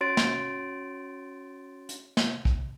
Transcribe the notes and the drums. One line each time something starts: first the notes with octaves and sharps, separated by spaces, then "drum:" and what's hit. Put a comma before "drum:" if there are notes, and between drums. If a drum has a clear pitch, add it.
C#4 F#4 C#5 C6 A6 D7
drum: snare
drum: hi-hat
drum: snare
drum: kick